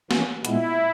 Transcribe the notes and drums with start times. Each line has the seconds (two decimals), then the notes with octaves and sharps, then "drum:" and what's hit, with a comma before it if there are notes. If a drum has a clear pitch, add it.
0.11 E3 A#3 C#4, drum: snare
0.45 A#2 G#3 B3 E4, drum: hi-hat